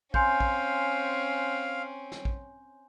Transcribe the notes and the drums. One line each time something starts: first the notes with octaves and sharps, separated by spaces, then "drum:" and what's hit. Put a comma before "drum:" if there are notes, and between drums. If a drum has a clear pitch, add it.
C4 C#4 F5 G#5 C6 G6, drum: kick
drum: kick
drum: snare
drum: kick